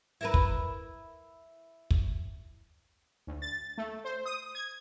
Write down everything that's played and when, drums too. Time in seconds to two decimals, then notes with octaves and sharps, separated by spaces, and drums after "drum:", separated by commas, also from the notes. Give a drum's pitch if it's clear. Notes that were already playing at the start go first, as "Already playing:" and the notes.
0.21 E4 A#4 B4
0.34 drum: kick
1.91 drum: kick
3.27 D2
3.42 A6
3.78 A3
4.05 C5
4.26 D#6
4.55 G#6